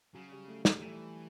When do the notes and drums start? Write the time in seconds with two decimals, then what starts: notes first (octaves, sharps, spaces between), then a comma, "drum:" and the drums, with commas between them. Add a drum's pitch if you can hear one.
0.14 C#3 F#3
0.32 G3
0.48 A3
0.65 G3, drum: snare
0.80 E3 A3